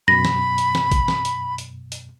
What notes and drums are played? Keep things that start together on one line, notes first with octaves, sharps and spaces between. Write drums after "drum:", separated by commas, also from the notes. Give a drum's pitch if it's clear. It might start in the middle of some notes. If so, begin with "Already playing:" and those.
F#2 B2 B5 A#6
drum: snare
drum: hi-hat
drum: snare
drum: kick A1, hi-hat
drum: snare
drum: hi-hat
drum: hi-hat
drum: hi-hat